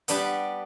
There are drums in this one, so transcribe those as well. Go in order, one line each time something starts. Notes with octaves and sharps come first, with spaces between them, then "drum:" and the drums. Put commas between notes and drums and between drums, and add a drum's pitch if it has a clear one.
G3 B3 D4 G4 B4, drum: hi-hat